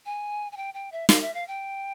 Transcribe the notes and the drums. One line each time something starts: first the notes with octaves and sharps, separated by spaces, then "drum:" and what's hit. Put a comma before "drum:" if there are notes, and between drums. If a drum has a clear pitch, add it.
G#5
G#5
G5
G5
E5
F5, drum: snare
E5
F5
G5